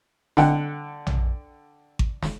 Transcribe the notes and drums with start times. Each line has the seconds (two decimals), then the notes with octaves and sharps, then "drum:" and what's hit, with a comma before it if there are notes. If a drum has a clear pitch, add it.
0.37 D3 F#5 G5, drum: snare
1.07 drum: tom
1.99 drum: kick G#1
2.23 drum: snare